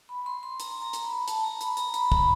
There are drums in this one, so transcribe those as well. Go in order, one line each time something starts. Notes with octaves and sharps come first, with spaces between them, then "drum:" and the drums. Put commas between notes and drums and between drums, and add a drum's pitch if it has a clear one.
B5
C6
C6
A#5, drum: hi-hat
A#5
drum: hi-hat
B5
A5, drum: hi-hat
A#5
B5, drum: hi-hat
A#5, drum: hi-hat
B5, drum: hi-hat
A#5
B5, drum: kick